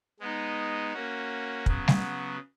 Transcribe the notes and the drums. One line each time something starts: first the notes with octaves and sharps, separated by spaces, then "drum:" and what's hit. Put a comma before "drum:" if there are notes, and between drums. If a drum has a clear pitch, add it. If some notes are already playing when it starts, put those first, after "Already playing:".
G#3 B3 D#4
A#3 C#4 F#4
C#3 F#3 B3, drum: kick
drum: snare G3